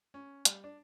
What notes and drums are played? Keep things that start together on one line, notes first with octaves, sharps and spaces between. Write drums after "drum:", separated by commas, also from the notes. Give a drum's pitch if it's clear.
C#4
G3, drum: hi-hat
D4